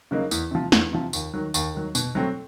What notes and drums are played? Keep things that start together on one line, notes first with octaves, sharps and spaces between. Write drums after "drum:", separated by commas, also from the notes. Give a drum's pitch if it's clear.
C#3 F#3 A#3 D#4
E2, drum: tambourine
C3 F3
E2, drum: snare
C3 F3
D#2, drum: tambourine
D#3 F#3
D#2, drum: tambourine
D#3 F#3
B2, drum: tambourine
F#3 A3 C4